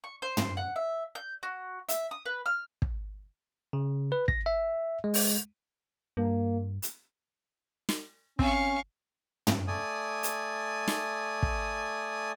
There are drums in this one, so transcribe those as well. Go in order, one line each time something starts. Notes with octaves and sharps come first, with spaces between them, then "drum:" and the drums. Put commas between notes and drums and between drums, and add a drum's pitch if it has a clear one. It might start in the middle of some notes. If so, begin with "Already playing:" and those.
C#6
C5
drum: tom
F#5
E5
G6
F#4
E5, drum: hi-hat
D#6
B4
F6
drum: kick
C#3
B4
A#6, drum: kick
E5
G#3
drum: open hi-hat
G2 A#3
drum: hi-hat
drum: snare
C4 C#4 F5 C#6, drum: kick
drum: tom
A3 D5 G#5 D#6
drum: hi-hat
drum: snare
drum: kick